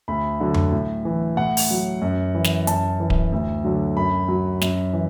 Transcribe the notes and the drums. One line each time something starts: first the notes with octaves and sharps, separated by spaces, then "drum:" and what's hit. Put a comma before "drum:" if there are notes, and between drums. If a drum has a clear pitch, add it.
D2 B5
D3 F#3
drum: tom F2
A2
E3
A2 F#5
drum: open hi-hat
F#3
F#2
E3
drum: snare
F#2 A5, drum: hi-hat
E3
drum: kick D1
D2
D3 F#3
F#2 B5
F#3
F#2, drum: snare
E3